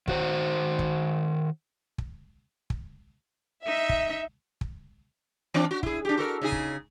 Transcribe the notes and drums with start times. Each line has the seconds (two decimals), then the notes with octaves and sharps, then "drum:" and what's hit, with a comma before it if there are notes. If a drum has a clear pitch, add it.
0.08 D#3 F#4 C5 A#5, drum: kick
0.79 drum: kick
1.98 drum: kick
2.70 drum: kick
3.66 D#4 E5
3.89 drum: kick
4.61 drum: kick
5.54 E3 C4 D4
5.71 F#4
5.83 E4 G#4, drum: kick
6.05 D4 G4
6.17 F#4 A4 A#4
6.42 C#3 D#4 G#4
6.52 drum: kick